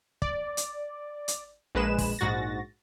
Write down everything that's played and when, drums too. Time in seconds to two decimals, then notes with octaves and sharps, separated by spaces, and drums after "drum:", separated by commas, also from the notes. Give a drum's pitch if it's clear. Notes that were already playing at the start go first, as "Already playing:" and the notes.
0.22 D5, drum: kick
0.57 drum: hi-hat
1.28 drum: hi-hat
1.75 A#1 G#3 B4 E7
1.98 drum: kick, open hi-hat
2.19 A#1 G#2 F#4 A6 A#6